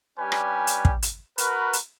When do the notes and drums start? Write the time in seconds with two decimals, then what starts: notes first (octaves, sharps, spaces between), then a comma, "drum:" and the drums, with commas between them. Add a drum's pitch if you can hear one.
0.19 G3 C#4 D4 G4 B4 G#5
0.32 drum: rim click
0.67 drum: hi-hat
0.85 drum: kick
1.02 drum: hi-hat
1.38 F#4 A#4 B4, drum: hi-hat
1.73 drum: hi-hat